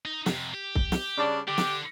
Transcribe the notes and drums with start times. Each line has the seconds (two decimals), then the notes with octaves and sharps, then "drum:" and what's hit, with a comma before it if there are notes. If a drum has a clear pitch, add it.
0.05 D#4
0.26 F2 C3, drum: snare
0.54 G4
0.75 drum: kick C2
0.92 drum: snare
1.18 C#3 G3 D4
1.48 D3 G4
1.58 drum: snare